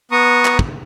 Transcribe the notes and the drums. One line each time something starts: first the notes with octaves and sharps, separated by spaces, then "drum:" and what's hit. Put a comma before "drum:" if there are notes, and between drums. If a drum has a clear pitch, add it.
B3 A#5 C#6 D#6
drum: clap
drum: kick